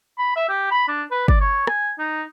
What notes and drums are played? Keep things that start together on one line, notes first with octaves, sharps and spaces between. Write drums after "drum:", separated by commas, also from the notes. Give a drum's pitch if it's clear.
B5
E5
G4
B5
D4
B4
D5, drum: kick
C#5
G#5, drum: rim click
D#4